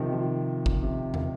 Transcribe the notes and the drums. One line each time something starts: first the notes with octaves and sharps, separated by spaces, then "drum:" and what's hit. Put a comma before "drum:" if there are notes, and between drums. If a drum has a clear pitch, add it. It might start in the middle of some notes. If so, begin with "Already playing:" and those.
Already playing: C3 D#3 F3
F3
drum: kick
C3
drum: tom